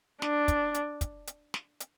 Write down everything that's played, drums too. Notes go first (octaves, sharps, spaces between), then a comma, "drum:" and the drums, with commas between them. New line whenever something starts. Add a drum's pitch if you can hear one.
D4, drum: snare
drum: kick, hi-hat
drum: hi-hat
drum: kick, hi-hat
drum: hi-hat
drum: snare
drum: hi-hat